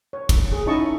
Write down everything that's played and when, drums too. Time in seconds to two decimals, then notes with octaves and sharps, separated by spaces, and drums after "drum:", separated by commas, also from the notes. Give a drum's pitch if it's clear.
0.13 C#5
0.29 drum: kick, cymbal
0.52 G#4
0.66 C#4 D#4 E4 D#5 A5 C#6